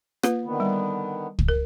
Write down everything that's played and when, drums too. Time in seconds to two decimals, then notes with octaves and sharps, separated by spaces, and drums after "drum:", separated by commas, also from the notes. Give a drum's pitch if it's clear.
0.23 A#3 F4 B4, drum: rim click
0.45 D3 D#3 B3
0.60 G3
1.39 drum: kick
1.48 A#4